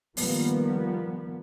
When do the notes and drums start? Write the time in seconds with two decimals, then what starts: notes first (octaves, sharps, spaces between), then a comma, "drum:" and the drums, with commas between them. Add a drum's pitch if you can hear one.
0.17 D#3 F3 G3 A#3 B3, drum: open hi-hat